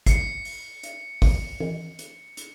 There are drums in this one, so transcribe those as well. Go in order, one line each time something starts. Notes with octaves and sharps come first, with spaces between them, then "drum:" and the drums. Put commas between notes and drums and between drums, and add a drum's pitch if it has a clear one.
C7 C#7, drum: kick, hi-hat
drum: open hi-hat
drum: hi-hat
drum: kick, open hi-hat
drum: tom
drum: hi-hat
drum: hi-hat